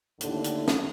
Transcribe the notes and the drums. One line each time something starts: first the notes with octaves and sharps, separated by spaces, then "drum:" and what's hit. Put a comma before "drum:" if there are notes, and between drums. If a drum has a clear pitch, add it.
D#2 A2 D3, drum: hi-hat
drum: hi-hat
drum: snare